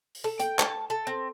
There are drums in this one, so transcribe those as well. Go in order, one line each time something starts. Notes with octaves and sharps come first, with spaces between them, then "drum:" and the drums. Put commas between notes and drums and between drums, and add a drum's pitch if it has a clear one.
drum: open hi-hat
A4
G5, drum: hi-hat
A5, drum: clap
A4
C4